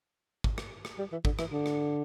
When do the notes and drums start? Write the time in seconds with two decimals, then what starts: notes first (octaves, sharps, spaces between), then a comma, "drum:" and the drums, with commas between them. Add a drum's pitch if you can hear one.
0.44 drum: kick
0.58 drum: rim click
0.85 drum: rim click
0.98 G3
1.12 E3
1.25 D3, drum: kick
1.39 E3, drum: rim click
1.52 D3
1.66 drum: rim click